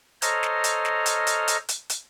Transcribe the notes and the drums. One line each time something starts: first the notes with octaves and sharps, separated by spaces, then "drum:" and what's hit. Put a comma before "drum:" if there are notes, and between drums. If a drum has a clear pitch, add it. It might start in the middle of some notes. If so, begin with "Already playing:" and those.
A4 C5 C#5 D#5 A#5 F6, drum: hi-hat
drum: snare
drum: hi-hat
drum: snare
drum: hi-hat
drum: hi-hat
drum: hi-hat
drum: hi-hat
drum: hi-hat